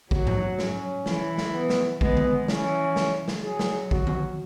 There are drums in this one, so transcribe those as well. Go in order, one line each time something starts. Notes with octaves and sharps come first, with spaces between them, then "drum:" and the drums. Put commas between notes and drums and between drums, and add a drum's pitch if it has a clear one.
F#3 F#4, drum: kick
drum: tom G#2
C#4, drum: snare
E3, drum: snare
drum: snare
B3
drum: snare
G#3 B3, drum: kick
drum: tom D#3
E3 C#4, drum: snare
drum: snare
drum: snare
F#3 G#4
drum: snare
F#4, drum: kick
drum: tom D#3